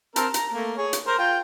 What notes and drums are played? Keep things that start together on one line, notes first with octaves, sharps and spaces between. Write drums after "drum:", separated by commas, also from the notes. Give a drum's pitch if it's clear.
C4 A#4 A5, drum: hi-hat
A#5, drum: hi-hat
A3 A#3
G#4 C#5
drum: hi-hat
A#4 C5
F4 G5